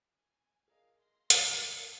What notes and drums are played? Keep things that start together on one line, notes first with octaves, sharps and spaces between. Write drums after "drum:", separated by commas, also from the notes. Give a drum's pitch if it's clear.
G#5
G#4 A#4 D#5 F5
C6 A#6
D#3 A3 D#5, drum: hi-hat
D4 F#4 A#5